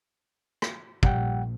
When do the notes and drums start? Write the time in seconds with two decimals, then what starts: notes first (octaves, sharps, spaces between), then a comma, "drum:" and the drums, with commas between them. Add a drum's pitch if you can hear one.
0.62 drum: rim click
1.03 A#1 G3 F#5 G5, drum: kick